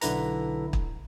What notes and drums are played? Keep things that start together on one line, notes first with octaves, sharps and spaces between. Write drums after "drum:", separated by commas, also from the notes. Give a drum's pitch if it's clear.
B1 D3 E4 B4 A#5, drum: hi-hat
drum: kick